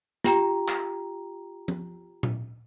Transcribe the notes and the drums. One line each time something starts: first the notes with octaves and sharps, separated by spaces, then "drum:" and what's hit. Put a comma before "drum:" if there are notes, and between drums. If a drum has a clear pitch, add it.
F4 G4 G5 A#5, drum: snare
drum: clap
drum: tom F3
drum: tom A#2